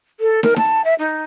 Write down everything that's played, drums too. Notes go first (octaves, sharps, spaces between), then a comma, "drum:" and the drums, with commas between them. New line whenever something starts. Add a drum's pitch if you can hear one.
A4
A#4, drum: snare
A5, drum: snare
E5
D#4